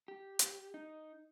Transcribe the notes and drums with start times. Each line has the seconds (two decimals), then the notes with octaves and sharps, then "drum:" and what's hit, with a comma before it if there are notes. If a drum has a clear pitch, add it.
0.08 G4
0.39 drum: hi-hat
0.74 D#4